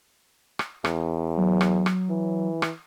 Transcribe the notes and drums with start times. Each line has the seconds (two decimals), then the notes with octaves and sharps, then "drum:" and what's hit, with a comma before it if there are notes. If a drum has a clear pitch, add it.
0.59 drum: rim click
0.85 E2, drum: rim click
1.38 F#3
1.61 drum: rim click
1.86 drum: rim click
2.10 E3
2.62 drum: rim click